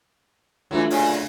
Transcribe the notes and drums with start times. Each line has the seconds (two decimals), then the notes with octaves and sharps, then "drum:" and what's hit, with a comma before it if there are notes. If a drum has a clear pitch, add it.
0.71 F#2 D3 E3 F#3 A3 F4
0.90 A#2 C#3 F#3, drum: open hi-hat